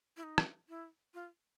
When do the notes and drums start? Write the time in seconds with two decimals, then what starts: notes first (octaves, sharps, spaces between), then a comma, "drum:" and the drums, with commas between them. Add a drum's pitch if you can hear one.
0.17 E4
0.23 D#4
0.38 drum: rim click
0.69 E4
1.14 F4